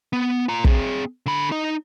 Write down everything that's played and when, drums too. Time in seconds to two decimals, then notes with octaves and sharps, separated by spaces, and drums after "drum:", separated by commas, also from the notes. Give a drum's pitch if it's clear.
0.13 B3
0.49 F4 A#5
0.64 C4 G#4, drum: kick
1.26 D3 B5
1.51 D#4 D#5